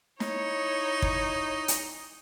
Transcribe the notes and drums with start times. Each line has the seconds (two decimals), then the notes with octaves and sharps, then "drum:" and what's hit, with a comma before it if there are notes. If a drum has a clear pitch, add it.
0.20 D#4 E4 C#5, drum: snare
1.02 drum: kick
1.68 drum: hi-hat